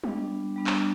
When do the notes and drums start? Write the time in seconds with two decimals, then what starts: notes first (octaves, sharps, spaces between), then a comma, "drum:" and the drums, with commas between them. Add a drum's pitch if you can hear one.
0.04 G3 B3 D4, drum: tom G3
0.56 G3 B3 D4
0.67 drum: clap